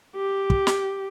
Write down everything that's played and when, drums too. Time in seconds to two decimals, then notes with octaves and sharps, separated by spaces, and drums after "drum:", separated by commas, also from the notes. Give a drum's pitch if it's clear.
0.16 G4
0.50 drum: kick
0.67 drum: snare